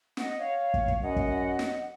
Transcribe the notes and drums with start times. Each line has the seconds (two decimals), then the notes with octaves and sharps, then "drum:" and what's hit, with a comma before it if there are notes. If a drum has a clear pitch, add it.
0.17 D#5 F#5, drum: snare
0.38 C#5 F5
0.74 drum: kick
0.88 drum: kick
1.02 F#2 D#5 F#5
1.16 drum: kick
1.59 drum: snare